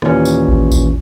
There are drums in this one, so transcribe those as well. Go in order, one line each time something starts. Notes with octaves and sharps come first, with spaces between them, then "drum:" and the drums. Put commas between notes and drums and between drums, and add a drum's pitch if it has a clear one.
D#2 A#2 E3 C#4, drum: rim click
drum: tambourine
drum: kick A1
drum: kick A1, tambourine